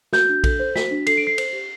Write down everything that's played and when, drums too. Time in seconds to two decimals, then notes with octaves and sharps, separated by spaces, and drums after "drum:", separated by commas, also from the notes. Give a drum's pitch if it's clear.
0.13 F#4 G6, drum: snare
0.29 D4
0.44 A4, drum: kick A#1, cymbal
0.60 C5
0.76 F#4 B6, drum: snare
0.91 D4
1.07 A4 C7, drum: cymbal
1.17 D7
1.22 C5 C7
1.38 C5, drum: cymbal
1.53 G4